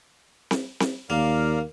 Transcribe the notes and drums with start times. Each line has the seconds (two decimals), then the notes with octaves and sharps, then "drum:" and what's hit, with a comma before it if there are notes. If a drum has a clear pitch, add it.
0.51 drum: snare C4
0.80 drum: snare C4
1.10 D#2 A#3 A#4 D5 F5